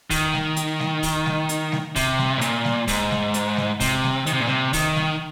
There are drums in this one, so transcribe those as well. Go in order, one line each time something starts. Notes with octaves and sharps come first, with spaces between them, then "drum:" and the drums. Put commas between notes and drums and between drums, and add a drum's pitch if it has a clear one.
D#3, drum: kick, open hi-hat
drum: snare
drum: hi-hat
drum: snare
drum: kick, open hi-hat
drum: snare
drum: hi-hat
drum: snare
C3, drum: kick, open hi-hat
drum: snare
G#2
A#2, drum: hi-hat
drum: snare
G#2, drum: kick, open hi-hat
drum: snare
drum: hi-hat
drum: snare
C3, drum: kick, open hi-hat
drum: snare
D#3, drum: hi-hat
C3
A#2
C3, drum: snare
D#3, drum: kick, open hi-hat
drum: snare